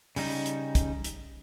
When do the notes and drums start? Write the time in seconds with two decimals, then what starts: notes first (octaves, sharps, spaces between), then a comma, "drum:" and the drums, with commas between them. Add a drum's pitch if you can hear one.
0.16 C#3 G3 D#4, drum: open hi-hat
0.46 drum: hi-hat
0.75 drum: kick, hi-hat
1.04 drum: hi-hat